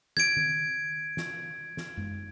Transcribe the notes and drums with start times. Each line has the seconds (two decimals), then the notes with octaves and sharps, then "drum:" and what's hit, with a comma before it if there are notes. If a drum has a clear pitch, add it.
0.17 G#6 D7, drum: snare
0.37 drum: tom D#3
1.17 drum: snare
1.77 drum: snare
1.97 drum: tom F#2